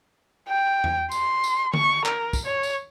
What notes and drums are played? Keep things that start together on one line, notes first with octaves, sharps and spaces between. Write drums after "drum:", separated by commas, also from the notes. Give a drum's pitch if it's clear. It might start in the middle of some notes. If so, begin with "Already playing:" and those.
G5
drum: tom E2
C6, drum: tambourine
drum: tambourine
C#6, drum: tom D3
A#4, drum: clap
drum: kick, tambourine
C#5
drum: tambourine